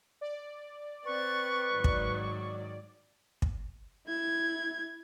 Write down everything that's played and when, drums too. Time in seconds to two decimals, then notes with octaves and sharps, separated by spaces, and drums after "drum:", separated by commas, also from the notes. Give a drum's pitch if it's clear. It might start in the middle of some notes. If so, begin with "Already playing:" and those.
0.21 D5
1.05 C4 B4 C#6 A6
1.75 G#2 D#3 F#3
1.84 drum: kick
3.42 drum: kick
4.07 E4 G#6